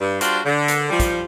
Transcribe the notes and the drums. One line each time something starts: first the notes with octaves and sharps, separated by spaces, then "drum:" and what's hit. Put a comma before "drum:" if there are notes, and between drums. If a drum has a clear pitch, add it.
G2
G3 D4 F4 F#4 C5 D5, drum: hi-hat
D3
drum: hi-hat
F3 G3
drum: kick, hi-hat